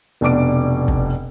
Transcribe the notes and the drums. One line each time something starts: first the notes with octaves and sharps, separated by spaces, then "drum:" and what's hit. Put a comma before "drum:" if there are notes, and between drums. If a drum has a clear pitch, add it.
F1 B2 D4 D6 D7
drum: kick